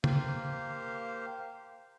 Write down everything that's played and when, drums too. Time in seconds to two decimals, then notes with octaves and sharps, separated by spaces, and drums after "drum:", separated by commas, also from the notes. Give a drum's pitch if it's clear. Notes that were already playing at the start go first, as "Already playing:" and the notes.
0.04 A#3 G4 C5 F5, drum: tom